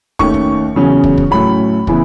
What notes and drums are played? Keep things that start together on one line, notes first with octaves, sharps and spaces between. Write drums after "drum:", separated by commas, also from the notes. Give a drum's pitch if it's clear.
D#2 D#3 A3 C#4 C#6, drum: kick
drum: kick
E2 C#3 F#3 C#4
drum: kick
drum: kick
A2 F#3 A3 C#4 B5
C#3 E3 B3 E4, drum: kick